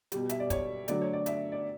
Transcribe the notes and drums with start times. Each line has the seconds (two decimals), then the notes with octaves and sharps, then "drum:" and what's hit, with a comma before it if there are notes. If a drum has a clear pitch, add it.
0.12 B2 G3, drum: hi-hat
0.29 E5, drum: hi-hat
0.40 D5
0.50 C#5, drum: kick, hi-hat
0.88 D3 F#3 A3 D5, drum: hi-hat
1.01 C#5
1.13 D5
1.26 E5, drum: hi-hat
1.52 D5